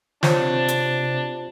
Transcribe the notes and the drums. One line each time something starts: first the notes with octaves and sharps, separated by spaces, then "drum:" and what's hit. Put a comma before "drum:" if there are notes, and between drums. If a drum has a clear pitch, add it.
C3 D4 F4 C5 C#5, drum: snare
drum: hi-hat